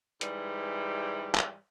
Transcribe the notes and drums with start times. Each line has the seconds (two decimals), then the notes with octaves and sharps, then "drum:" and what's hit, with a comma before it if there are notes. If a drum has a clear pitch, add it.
0.21 G#2 E3 G3, drum: hi-hat
1.35 drum: clap